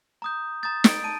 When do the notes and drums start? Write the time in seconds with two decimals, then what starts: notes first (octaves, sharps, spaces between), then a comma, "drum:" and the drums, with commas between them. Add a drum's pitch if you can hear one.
0.22 A#5 D#6 G6
0.63 A#5 D#6 G6 A6
0.84 D7, drum: snare
1.04 A5 D#7